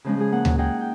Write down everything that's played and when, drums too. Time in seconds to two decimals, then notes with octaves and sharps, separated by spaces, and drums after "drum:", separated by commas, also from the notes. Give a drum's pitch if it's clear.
0.05 C#3 F3 G#3 C#4
0.17 G#3 G#4
0.32 A#3 F#5
0.45 F#3, drum: tom D2
0.58 D#4 G#4 F#5 G5
0.81 G5